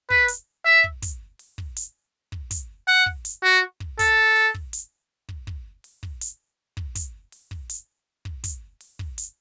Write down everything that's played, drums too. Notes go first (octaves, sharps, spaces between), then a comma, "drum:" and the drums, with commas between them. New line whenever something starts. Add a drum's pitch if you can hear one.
B4, drum: kick
drum: hi-hat
E5
drum: kick
drum: kick, hi-hat
drum: open hi-hat
drum: kick
drum: hi-hat
drum: kick
drum: kick, hi-hat
F#5, drum: open hi-hat
drum: kick
drum: hi-hat
F#4
drum: kick
A4, drum: kick, hi-hat
drum: open hi-hat
drum: kick
drum: hi-hat
drum: kick
drum: kick
drum: open hi-hat
drum: kick
drum: hi-hat
drum: kick
drum: kick, hi-hat
drum: open hi-hat
drum: kick
drum: hi-hat
drum: kick
drum: kick, hi-hat
drum: open hi-hat
drum: kick
drum: hi-hat